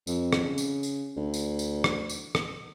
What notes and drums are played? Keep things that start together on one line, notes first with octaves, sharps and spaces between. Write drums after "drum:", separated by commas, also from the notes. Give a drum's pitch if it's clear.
F2, drum: tambourine
drum: rim click
C#3
drum: tambourine
drum: tambourine
D2
drum: tambourine
drum: tambourine
drum: rim click
drum: tambourine
drum: rim click